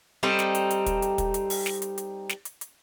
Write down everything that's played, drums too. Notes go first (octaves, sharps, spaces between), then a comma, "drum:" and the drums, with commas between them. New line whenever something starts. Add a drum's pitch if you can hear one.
G3 C4 D#4 A4
drum: snare
drum: hi-hat
drum: hi-hat
drum: kick, hi-hat
drum: hi-hat
drum: kick, hi-hat
drum: hi-hat
drum: open hi-hat
drum: snare
drum: hi-hat
drum: hi-hat
drum: snare
drum: hi-hat
drum: hi-hat